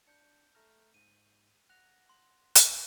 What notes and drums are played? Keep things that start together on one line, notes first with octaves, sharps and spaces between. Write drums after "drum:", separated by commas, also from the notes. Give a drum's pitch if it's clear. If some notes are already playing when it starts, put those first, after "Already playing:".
D4 G6 C#7
A3 A#5 F6
G#2 D#7
F#5 F#6 A#6 F7
C6
A#2 C#3 E3, drum: hi-hat